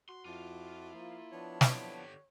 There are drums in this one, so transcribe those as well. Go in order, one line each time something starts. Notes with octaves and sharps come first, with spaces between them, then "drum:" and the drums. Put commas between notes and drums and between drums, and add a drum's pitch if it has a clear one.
F#4 C6
F2 F3 E4 F4 D6
F3 A#3
F3 B3 D4 C#5
drum: snare
D3 G4